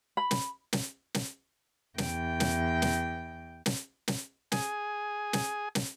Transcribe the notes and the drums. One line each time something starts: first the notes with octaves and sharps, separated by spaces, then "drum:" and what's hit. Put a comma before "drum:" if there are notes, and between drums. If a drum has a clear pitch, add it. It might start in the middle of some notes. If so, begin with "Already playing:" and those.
B5
drum: snare
drum: snare
drum: snare
E2 G5, drum: snare
drum: snare
drum: snare
drum: snare
drum: snare
G#4 G#5, drum: snare
drum: snare
drum: snare